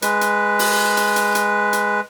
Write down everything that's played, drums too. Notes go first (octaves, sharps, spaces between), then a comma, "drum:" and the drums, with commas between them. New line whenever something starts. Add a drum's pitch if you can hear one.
G#3 B4, drum: hi-hat
drum: hi-hat
drum: open hi-hat
drum: hi-hat
drum: hi-hat
drum: hi-hat
drum: hi-hat